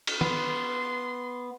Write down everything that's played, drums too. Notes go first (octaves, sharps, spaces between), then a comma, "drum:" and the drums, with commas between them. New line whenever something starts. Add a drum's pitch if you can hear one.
drum: cymbal
B3 C6, drum: tom